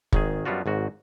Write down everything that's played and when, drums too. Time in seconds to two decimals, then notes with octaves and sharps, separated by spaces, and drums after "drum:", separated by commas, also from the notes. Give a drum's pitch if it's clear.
0.12 G#1 D#3 G#4, drum: kick
0.45 F#2 G3 B3 D4 F4 F#4
0.66 G#1 G#2 F#4